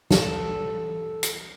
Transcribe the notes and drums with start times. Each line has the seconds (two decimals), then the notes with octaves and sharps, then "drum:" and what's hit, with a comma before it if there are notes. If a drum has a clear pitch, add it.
0.11 A4, drum: snare
1.23 drum: hi-hat